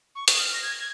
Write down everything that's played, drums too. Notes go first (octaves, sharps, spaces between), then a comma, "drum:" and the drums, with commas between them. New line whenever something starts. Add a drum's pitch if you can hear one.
C#6
D#6, drum: hi-hat
F6
A#6
G#6
G#6